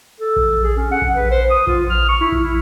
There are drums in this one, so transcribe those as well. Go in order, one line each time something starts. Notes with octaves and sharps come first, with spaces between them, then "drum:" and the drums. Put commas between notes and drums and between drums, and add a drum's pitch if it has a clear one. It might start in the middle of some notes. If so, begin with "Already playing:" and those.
A4
drum: kick A#1
drum: tom E3
G#4
C#4
F#5
drum: kick A#1
B4
C5
D#6
F4, drum: kick A#1
F6
C#6
E4
drum: kick A#1
E4